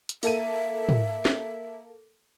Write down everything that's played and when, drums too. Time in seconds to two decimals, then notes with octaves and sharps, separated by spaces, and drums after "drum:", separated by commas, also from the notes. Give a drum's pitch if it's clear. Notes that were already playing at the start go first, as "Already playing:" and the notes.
0.09 drum: hi-hat
0.23 A#3 A4 E5 D#7, drum: open hi-hat
0.89 drum: tom
1.25 drum: snare